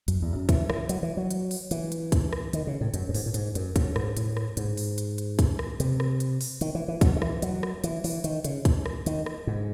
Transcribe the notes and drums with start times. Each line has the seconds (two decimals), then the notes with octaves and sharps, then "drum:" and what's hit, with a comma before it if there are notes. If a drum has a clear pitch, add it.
0.08 F#2, drum: hi-hat
0.22 E2
0.36 F#2
0.49 E3, drum: kick, hi-hat
0.70 E3, drum: rim click
0.89 F#3, drum: hi-hat
1.03 E3
1.17 F#3
1.31 drum: hi-hat
1.51 drum: open hi-hat
1.71 E3, drum: hi-hat
1.92 drum: hi-hat
2.12 drum: kick, hi-hat
2.33 drum: rim click
2.53 D#3, drum: hi-hat
2.67 C#3
2.81 A2
2.94 F#2, drum: hi-hat
3.09 F#2
3.15 G#2, drum: open hi-hat
3.26 A2
3.34 G#2, drum: hi-hat
3.55 F#2, drum: hi-hat
3.76 F#2, drum: kick, hi-hat
3.96 G#2, drum: rim click
4.17 A2, drum: hi-hat
4.37 drum: rim click
4.57 G#2, drum: hi-hat
4.77 drum: open hi-hat
4.98 drum: hi-hat
5.18 drum: hi-hat
5.39 drum: kick, hi-hat
5.59 drum: rim click
5.80 C3, drum: hi-hat
6.00 drum: rim click
6.20 drum: hi-hat
6.41 drum: open hi-hat
6.61 D#3, drum: hi-hat
6.75 E3
6.88 E3
7.01 F#3, drum: kick, hi-hat
7.16 D#3
7.22 E3, drum: rim click
7.42 F#3, drum: hi-hat
7.63 drum: rim click
7.84 E3, drum: hi-hat
8.04 E3, drum: open hi-hat
8.24 D#3, drum: hi-hat
8.44 C#3, drum: hi-hat
8.65 drum: kick, hi-hat
8.86 drum: rim click
9.06 D#3, drum: hi-hat
9.26 drum: rim click
9.47 G#2